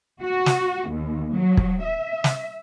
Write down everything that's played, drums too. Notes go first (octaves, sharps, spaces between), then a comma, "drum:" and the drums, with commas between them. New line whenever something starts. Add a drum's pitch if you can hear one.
F#4
drum: snare
D#2
F#3
drum: kick
E5
drum: snare